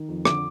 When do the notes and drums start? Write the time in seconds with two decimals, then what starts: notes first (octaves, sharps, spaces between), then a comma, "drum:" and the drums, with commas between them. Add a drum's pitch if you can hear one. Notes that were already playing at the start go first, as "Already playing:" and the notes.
Already playing: D#3
0.09 F2
0.25 D3 D6, drum: rim click